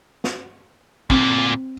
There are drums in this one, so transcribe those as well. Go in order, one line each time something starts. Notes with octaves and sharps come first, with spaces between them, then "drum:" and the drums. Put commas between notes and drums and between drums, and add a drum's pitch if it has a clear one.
drum: snare
D2 A#2 C4, drum: kick